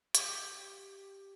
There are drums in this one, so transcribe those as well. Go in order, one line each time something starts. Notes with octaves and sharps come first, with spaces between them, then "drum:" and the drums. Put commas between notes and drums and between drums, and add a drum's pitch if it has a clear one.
G4, drum: hi-hat